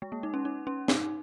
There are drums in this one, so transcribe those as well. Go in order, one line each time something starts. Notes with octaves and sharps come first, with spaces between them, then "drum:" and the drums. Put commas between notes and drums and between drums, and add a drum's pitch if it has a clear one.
G#3
A#3
D#4
C#4
D#4
C#4
D#4, drum: snare